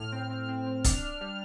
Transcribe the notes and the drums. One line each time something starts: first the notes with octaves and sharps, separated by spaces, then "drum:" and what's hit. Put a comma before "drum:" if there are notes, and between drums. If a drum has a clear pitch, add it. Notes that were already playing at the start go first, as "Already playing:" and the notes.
Already playing: A2 F6
C4
C4
C4
C4
D4, drum: kick, hi-hat
D4
G3